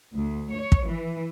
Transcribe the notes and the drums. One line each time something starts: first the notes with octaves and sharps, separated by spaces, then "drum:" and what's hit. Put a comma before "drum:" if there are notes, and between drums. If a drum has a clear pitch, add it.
D2
C#5
drum: kick
E3